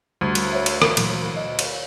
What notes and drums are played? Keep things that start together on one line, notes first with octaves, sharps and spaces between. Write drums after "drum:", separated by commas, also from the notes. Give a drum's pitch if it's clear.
D2 G3
drum: cymbal
C5 C#5 E5
drum: cymbal
drum: rim click
A#2 E3 F#3, drum: cymbal
D#5
drum: cymbal